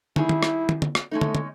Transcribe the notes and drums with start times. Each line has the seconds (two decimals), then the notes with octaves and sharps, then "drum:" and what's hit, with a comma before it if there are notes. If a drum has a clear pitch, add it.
0.16 D#3 G3 E4 G#4, drum: tom
0.29 drum: tom
0.43 drum: rim click
0.69 drum: tom
0.82 drum: tom
0.95 drum: rim click
1.11 G#3 A3 C#4 D#4
1.21 drum: tom
1.35 drum: tom